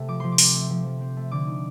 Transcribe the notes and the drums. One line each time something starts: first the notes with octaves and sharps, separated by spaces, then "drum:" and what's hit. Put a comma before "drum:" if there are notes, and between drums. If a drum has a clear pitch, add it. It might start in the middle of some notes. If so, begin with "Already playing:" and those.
Already playing: C3 A3
F3 D6
F3 C6
D6
C4, drum: open hi-hat
A3
F3
F3
C4
A3
D3 D6
D#4